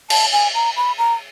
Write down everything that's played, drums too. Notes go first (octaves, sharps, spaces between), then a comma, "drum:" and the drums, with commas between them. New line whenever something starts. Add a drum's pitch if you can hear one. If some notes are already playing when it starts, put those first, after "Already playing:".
A5, drum: cymbal
G#5
A#5
B5
A#5